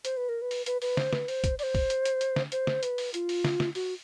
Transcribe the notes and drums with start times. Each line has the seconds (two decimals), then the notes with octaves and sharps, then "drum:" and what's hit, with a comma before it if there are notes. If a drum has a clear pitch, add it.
0.05 C5, drum: hi-hat
0.17 B4
0.29 A#4
0.42 B4
0.51 drum: open hi-hat
0.66 B4, drum: hi-hat
0.82 B4, drum: open hi-hat
0.97 C5, drum: snare
1.13 B4, drum: snare
1.28 C5, drum: open hi-hat
1.44 drum: kick, hi-hat
1.59 D5, drum: open hi-hat
1.63 C5
1.75 drum: kick, open hi-hat
1.90 drum: hi-hat
2.05 drum: hi-hat
2.21 drum: hi-hat
2.36 drum: snare
2.52 C5, drum: hi-hat
2.67 drum: snare
2.83 B4, drum: hi-hat
2.98 drum: open hi-hat
3.14 F4, drum: hi-hat
3.29 drum: open hi-hat
3.45 drum: snare
3.60 drum: snare
3.75 F#4, drum: open hi-hat